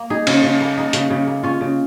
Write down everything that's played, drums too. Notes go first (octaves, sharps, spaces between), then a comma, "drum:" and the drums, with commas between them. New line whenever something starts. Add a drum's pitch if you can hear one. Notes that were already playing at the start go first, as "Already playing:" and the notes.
Already playing: A#3
D#4 G#4
C#3, drum: cymbal
C#3
A#3
D#4
C#3, drum: hi-hat
C#3
A#3
C#4 F4
C#3